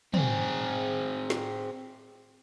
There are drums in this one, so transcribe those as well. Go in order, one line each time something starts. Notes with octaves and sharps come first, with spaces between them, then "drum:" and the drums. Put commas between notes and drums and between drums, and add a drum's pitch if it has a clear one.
C4 G#4, drum: tom
drum: snare